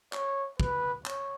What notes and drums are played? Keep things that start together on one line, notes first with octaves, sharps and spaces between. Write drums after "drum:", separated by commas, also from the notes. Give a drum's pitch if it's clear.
C#5, drum: clap
B4, drum: kick
C#5, drum: clap